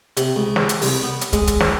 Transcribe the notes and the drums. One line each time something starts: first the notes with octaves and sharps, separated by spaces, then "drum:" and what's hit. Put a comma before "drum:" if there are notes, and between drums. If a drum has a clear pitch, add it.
C3, drum: hi-hat
C#2
drum: snare
drum: hi-hat
C2, drum: open hi-hat
B3
drum: hi-hat
G#3, drum: kick, hi-hat
drum: kick, hi-hat
drum: snare